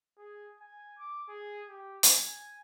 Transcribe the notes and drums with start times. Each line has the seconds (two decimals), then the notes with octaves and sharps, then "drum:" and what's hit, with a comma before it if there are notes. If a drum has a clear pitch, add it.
0.18 G#4
0.60 G#5
0.98 D6
1.29 G#4
1.68 G4
2.03 drum: hi-hat
2.12 G#5